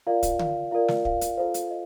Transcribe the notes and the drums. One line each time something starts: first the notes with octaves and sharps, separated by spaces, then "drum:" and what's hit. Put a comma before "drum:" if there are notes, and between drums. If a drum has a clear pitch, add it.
F4 A#4 D5 F5
drum: kick, hi-hat
F5, drum: tom D3
F4 A#4 D5 F5
drum: snare
F5, drum: kick
drum: hi-hat
F4 A4 C5 F5
drum: hi-hat
D#5